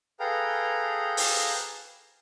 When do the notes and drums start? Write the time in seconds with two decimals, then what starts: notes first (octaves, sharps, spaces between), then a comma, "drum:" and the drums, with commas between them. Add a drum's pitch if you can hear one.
0.20 G#4 A4 B4 F5 G5 A#5
1.17 drum: open hi-hat